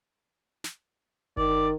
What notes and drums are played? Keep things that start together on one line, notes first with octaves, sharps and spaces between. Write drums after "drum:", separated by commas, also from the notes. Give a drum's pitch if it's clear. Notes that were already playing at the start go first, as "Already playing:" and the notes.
drum: snare
D#3 D5, drum: kick G1